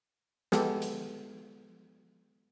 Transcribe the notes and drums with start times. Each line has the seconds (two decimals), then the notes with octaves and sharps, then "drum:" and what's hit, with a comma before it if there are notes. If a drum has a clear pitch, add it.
0.52 G#3 B3 G4 A4, drum: snare
0.82 drum: hi-hat